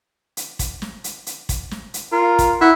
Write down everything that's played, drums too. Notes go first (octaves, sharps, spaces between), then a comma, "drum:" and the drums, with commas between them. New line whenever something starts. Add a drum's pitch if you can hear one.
drum: hi-hat
drum: kick, hi-hat
drum: snare
drum: hi-hat
drum: hi-hat
drum: kick, hi-hat
drum: snare
drum: hi-hat
F4 A#4
drum: kick, hi-hat
E4 F#5